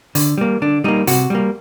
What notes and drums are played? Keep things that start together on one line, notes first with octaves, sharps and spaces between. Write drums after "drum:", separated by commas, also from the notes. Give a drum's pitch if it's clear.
D3, drum: open hi-hat
G3 A#3
D3 D4
G3 A#3 D#4
C3 F#4, drum: open hi-hat
G3 A#3